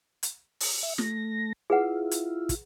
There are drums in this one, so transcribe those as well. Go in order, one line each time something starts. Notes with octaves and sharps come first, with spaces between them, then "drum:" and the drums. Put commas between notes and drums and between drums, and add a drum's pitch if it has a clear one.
drum: hi-hat
drum: open hi-hat
E5
A3 A#6, drum: snare
E4 F4 G#4 B4 F#5
drum: hi-hat
drum: kick, hi-hat